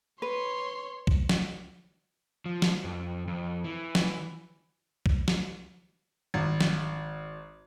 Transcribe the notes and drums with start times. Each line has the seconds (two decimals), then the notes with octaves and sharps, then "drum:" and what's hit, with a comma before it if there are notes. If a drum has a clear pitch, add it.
0.22 B4 C#5 C6
1.07 drum: kick
1.29 drum: snare
2.46 F3
2.62 drum: snare
2.84 F2
3.28 F2
3.64 E3
3.95 drum: snare
5.06 drum: kick
5.28 drum: snare
6.34 G#1
6.61 drum: snare